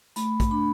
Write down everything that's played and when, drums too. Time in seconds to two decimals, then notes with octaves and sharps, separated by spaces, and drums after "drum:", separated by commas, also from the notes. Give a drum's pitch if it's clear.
0.16 A3 B5, drum: hi-hat
0.40 drum: kick, hi-hat
0.51 D4 B5